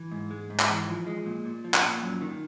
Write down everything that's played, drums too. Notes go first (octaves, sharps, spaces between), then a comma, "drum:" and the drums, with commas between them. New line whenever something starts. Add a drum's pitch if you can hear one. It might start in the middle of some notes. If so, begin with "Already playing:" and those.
Already playing: E3
G#2
G#3
G#2
drum: clap
E3
F3
G#3
A#2
A#2
F3
drum: clap
A#2
F#2
D#3